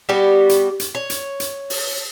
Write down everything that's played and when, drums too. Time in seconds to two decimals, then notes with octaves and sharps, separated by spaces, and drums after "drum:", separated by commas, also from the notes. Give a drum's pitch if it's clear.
0.09 G3 B3 F#4 G4
0.49 drum: hi-hat
0.80 drum: hi-hat
0.95 C#5
1.10 drum: hi-hat
1.40 drum: hi-hat
1.70 drum: open hi-hat